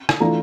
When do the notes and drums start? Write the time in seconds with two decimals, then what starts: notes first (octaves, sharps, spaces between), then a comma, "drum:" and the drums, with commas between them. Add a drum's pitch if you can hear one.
0.09 drum: rim click
0.20 E3 A3 D4 F4 A#5